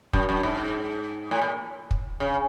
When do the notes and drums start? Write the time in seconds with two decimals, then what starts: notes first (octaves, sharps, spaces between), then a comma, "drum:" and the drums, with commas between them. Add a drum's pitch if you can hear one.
0.13 F#2, drum: kick
0.29 F#2
0.43 G#2
1.31 A2
1.42 A#2
1.91 drum: kick
2.20 C#3